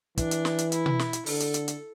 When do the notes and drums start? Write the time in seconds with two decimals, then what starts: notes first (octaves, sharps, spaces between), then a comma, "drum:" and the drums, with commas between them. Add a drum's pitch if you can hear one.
0.18 E3 D4, drum: kick, hi-hat
0.31 drum: hi-hat
0.45 drum: snare
0.59 drum: hi-hat
0.72 E4, drum: hi-hat
0.86 drum: tom B2
0.99 drum: snare
1.13 drum: hi-hat
1.26 D3 A4, drum: open hi-hat
1.40 drum: hi-hat
1.54 drum: hi-hat
1.68 drum: hi-hat